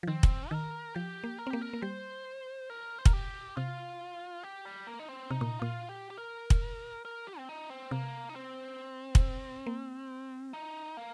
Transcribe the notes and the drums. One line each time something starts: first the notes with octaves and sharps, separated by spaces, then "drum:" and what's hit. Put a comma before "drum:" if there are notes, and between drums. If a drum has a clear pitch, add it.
F3
D#3 C4
drum: kick
D#3 A#4
F3 G4
A#3
A#4
C4
A#3 G4
A#4
A#3
G3 C5
A#4
C5
A#4, drum: kick
G4
C3 F4
G4
G3
A#3
D#4
C4
C3 D#4
A#2
A#2 F4
G4
G4
A#4
drum: kick
A#4
G4
C4
D#4
C4
C3 A#3
D#4
C4
drum: kick
A#3
D#4
A#3